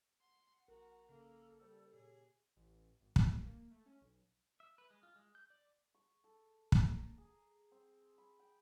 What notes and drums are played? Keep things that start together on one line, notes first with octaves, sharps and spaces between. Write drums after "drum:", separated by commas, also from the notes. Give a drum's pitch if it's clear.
F#5 C6
A#1 F#4 A#4 A#5
C#3 A#3 A4
G3 C5 D5
A#2 G4 G#4 C#5
A1
G#1
F#2, drum: kick
G2
A#3
A3
C#4
B1
E5
B4
G#3
F4
G#3
G6
D5
C#6
A4
drum: kick
A#5
G#4
C4
B5
G5